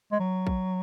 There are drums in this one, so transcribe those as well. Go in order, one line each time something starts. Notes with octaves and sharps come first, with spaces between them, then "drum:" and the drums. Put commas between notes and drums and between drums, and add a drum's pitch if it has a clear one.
G#3
F#3
drum: kick